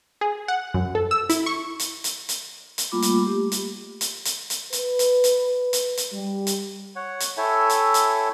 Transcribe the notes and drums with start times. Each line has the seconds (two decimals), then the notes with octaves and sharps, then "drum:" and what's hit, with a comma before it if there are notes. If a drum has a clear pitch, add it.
0.21 G#4
0.48 F#5
0.74 F#2
0.95 A4
1.11 E6
1.29 E4, drum: hi-hat
1.46 C#6
1.79 drum: hi-hat
2.04 drum: hi-hat
2.29 drum: hi-hat
2.78 drum: hi-hat
2.92 G3 A3 A#3 F4 B5 D6
3.02 drum: hi-hat
3.23 A3 G4
3.52 drum: hi-hat
4.01 drum: hi-hat
4.25 drum: hi-hat
4.50 drum: hi-hat
4.73 B4, drum: hi-hat
4.99 drum: hi-hat
5.24 drum: hi-hat
5.73 drum: hi-hat
5.97 drum: hi-hat
6.13 G3
6.47 drum: hi-hat
6.96 C#5 F#5
7.20 drum: hi-hat
7.37 E4 A4 C#5 E5 G5 G#5
7.70 drum: hi-hat
7.94 drum: hi-hat